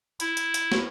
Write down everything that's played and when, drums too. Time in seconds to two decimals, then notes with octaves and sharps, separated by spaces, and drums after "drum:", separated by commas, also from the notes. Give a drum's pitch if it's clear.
0.20 E4, drum: hi-hat
0.37 drum: hi-hat
0.54 drum: hi-hat
0.72 drum: snare